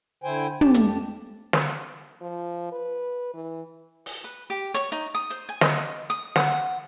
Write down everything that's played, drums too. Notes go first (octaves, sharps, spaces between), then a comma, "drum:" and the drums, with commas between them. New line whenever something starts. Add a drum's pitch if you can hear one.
D3 E4 C5 G5 G#5
F2 G4 A5, drum: tom
drum: hi-hat
drum: snare
F3
B4
E3
drum: open hi-hat
B4
G4
C#5, drum: hi-hat
D#4
D#6
C5
G#5
D#5, drum: snare
D#6
F#5, drum: snare